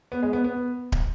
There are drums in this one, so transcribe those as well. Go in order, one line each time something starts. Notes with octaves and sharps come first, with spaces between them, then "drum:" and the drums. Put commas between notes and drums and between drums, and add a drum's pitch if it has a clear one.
B3
G#3
B3
B3
drum: kick